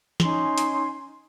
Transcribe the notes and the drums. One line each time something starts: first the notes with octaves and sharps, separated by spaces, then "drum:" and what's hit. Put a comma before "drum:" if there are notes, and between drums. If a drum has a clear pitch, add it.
C#4 D#4 G#5 C6, drum: snare
drum: hi-hat